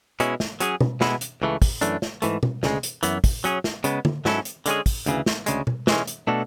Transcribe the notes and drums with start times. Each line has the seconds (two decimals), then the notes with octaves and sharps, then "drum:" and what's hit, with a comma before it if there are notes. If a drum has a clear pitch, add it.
0.20 B2 G#3 C#4 E4, drum: hi-hat
0.40 drum: snare
0.60 F#3 C#4 G#4, drum: hi-hat
0.81 drum: tom B2
1.01 B2 G#3 B3 E4, drum: snare
1.21 drum: hi-hat
1.42 C#2 C#3 E3 A3
1.62 drum: kick, open hi-hat
1.81 F#2 E3 A3 D4, drum: hi-hat
2.02 drum: snare
2.22 G#2 E3 A3, drum: hi-hat
2.43 drum: tom B2
2.63 D2 C#3 G#3, drum: snare
2.83 drum: hi-hat
3.03 F#2 E3 B3, drum: hi-hat
3.24 drum: kick, open hi-hat
3.44 F#3 C#4 G#4, drum: hi-hat
3.64 drum: snare
3.84 C#3 G#3 B3, drum: hi-hat
4.05 drum: tom D3
4.25 G#2 F#3 C#4 E4 A4, drum: snare
4.45 drum: hi-hat
4.66 D3 G#3 C#4 G#4, drum: hi-hat
4.86 drum: kick, open hi-hat
5.06 D2 C#3 E3, drum: hi-hat
5.26 drum: snare
5.46 D2 C#3 G#3, drum: hi-hat
5.67 drum: tom B2
5.87 E3 G#3 C#4, drum: snare
6.07 drum: hi-hat
6.27 B2 A3 D4 F#4 A4